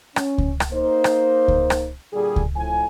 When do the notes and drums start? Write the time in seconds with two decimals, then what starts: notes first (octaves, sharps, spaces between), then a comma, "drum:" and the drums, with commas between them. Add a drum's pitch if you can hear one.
0.16 C#4, drum: rim click
0.38 drum: kick C#2
0.60 drum: rim click
0.72 A#3 D#4 C5
1.04 drum: rim click
1.48 drum: kick C#2
1.70 drum: rim click
2.13 A#2 D3 G3 G#4
2.36 drum: kick C#2
2.56 F2 A2 G#5